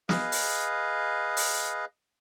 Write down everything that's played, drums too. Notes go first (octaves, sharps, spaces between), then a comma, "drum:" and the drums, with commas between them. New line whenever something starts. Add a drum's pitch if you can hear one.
G#4 B4 D#5 F5, drum: snare
drum: open hi-hat
drum: open hi-hat